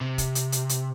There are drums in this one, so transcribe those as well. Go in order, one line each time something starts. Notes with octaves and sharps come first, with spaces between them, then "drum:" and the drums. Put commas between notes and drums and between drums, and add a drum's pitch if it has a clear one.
C3
drum: kick, hi-hat
drum: hi-hat
drum: hi-hat
drum: hi-hat